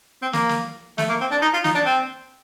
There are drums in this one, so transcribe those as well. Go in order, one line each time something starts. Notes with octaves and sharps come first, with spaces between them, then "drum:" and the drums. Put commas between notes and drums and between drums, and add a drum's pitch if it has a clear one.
C4
A#3, drum: snare
drum: snare
A3, drum: snare
A#3
C4
D4
D#4
F4
D#4, drum: snare
D4
C4